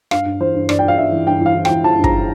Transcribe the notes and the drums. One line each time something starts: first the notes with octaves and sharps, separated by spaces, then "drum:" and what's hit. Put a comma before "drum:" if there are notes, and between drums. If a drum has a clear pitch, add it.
G2 F5, drum: rim click
G2
E3 C5
G2
G2 D5, drum: rim click
G5
G2 F5
G2 E5
E3
G2 G5
E3 F5
E3
G5, drum: rim click
E3
E3 A5
G2
A#5, drum: kick